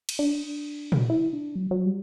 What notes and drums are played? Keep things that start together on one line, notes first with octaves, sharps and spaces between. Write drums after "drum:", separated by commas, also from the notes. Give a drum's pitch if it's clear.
drum: cymbal
D4
drum: tom A#2
E4
D4
F#3
F#3
G3